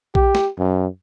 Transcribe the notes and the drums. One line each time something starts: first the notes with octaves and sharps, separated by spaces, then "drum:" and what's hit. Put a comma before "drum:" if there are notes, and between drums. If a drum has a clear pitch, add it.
G4, drum: kick A#1
drum: snare
F#2